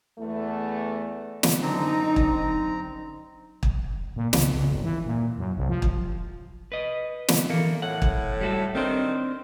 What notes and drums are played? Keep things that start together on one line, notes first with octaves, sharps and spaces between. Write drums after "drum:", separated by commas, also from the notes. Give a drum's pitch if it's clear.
E2 A3
drum: snare
F#2 D3 C4 D#4 A#5
drum: kick
drum: kick
A#2
C#2, drum: snare
C#2
G1
E3
A#2
F#2
C2
F3
drum: kick
B4 D#5
drum: snare
E3 A#3 A4
A2 F#5
drum: kick
G3 F#4 A4
D#3 C4 D4 C5